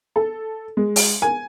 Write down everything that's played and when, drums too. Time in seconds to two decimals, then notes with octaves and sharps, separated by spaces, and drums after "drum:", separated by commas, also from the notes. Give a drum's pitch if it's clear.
0.16 A4
0.77 G#3
0.96 drum: open hi-hat
1.22 G#5